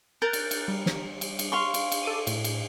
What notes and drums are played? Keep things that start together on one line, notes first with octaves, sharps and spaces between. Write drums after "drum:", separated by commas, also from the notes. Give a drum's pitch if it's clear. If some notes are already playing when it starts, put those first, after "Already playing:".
A#4 F#6 G6 A6
drum: cymbal
drum: cymbal
G3
drum: snare
drum: cymbal
drum: cymbal
F5 C6 C#6
drum: cymbal
drum: cymbal
A4 D6 D#7
A2, drum: cymbal
drum: cymbal